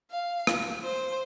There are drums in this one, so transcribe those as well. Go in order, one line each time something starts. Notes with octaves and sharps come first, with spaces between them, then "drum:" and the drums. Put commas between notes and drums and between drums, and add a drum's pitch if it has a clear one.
F5
drum: rim click
C5